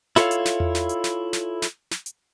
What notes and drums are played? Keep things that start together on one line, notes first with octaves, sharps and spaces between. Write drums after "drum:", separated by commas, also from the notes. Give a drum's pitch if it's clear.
E4 F4 A4 B4 C#5 F5, drum: snare
drum: hi-hat
drum: snare
drum: tom E2
drum: snare
drum: hi-hat
drum: snare
drum: snare
drum: snare
drum: snare
drum: hi-hat